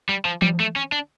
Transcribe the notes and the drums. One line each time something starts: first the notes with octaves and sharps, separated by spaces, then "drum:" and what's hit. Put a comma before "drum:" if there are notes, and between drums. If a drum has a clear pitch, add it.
G3
F3
G3, drum: tom E3
A3
C#4
D4